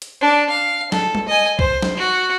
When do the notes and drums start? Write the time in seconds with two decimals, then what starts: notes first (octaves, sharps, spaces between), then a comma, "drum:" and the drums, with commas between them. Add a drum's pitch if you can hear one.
0.02 drum: hi-hat
0.21 D4
0.50 F5
0.92 A4, drum: snare
1.15 drum: tom G3
1.28 D#5 G#5
1.59 C5, drum: kick C2
1.82 drum: snare
1.97 F#4